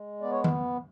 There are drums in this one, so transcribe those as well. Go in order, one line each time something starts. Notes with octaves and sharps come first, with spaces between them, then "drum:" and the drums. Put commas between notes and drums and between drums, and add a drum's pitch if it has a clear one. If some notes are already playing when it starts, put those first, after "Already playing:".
Already playing: G#3
B3 D5
C#5
drum: tom D#3